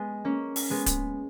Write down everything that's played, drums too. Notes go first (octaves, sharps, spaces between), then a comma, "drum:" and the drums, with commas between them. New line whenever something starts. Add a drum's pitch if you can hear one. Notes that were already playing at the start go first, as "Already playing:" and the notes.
Already playing: G#3 B3
A#3 C#4
drum: open hi-hat
G#3 B3
drum: kick D1, hi-hat